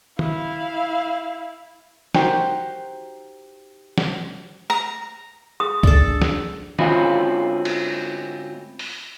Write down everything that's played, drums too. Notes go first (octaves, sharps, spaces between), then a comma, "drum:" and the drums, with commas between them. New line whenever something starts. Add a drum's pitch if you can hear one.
E4 F5, drum: tom D#3
D#4 F#4 G4 A#4 C5, drum: snare
drum: snare
A#5
G#4 D#6
D4 A4, drum: kick
drum: snare
D2 G#2 C4 C#4 E4 F4, drum: tom D#3
drum: cymbal
drum: open hi-hat